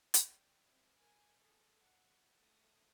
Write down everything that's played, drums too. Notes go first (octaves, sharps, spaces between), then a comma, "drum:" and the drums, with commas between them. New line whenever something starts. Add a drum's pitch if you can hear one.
D5 G5, drum: hi-hat
C4 E4
A#4 G#5
G#4 A4
F#5
A3 D#6